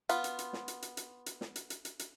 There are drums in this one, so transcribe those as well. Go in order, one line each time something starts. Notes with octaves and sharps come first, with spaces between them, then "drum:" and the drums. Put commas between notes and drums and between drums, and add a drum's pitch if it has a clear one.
B3 F4, drum: hi-hat
drum: hi-hat
drum: hi-hat
drum: snare
drum: hi-hat
drum: hi-hat
drum: hi-hat
drum: hi-hat
drum: snare
drum: hi-hat
drum: hi-hat
drum: hi-hat
drum: hi-hat